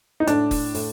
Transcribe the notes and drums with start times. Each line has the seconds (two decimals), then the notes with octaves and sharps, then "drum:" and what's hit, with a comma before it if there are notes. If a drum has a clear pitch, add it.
0.20 D#4
0.27 A2 D4, drum: hi-hat
0.51 drum: kick, open hi-hat
0.74 A2, drum: open hi-hat